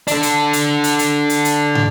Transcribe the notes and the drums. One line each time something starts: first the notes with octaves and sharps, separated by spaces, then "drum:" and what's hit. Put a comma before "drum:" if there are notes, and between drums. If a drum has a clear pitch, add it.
D4 A4, drum: hi-hat
drum: hi-hat
drum: hi-hat
drum: hi-hat
drum: hi-hat
drum: hi-hat
drum: hi-hat
drum: tom